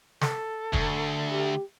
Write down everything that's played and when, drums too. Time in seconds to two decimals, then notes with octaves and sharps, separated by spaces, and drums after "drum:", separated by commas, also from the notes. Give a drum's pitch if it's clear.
0.21 A4, drum: snare
0.73 D2, drum: kick
1.30 G4